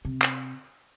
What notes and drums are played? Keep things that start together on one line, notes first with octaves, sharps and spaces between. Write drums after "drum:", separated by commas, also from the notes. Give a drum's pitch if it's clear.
C3
drum: clap